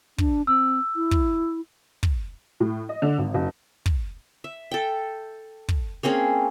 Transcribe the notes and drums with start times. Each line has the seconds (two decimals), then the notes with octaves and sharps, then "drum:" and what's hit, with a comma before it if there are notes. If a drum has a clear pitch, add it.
0.18 D4, drum: kick
0.47 C4 E6
0.96 E4
1.11 drum: kick
2.03 drum: kick
2.60 A2
2.89 D#5
3.02 D3
3.18 G#1
3.34 F#1
3.86 drum: kick
4.44 E5
4.71 A4 G5
5.69 drum: kick
6.03 A#3 C4 C#4 G#4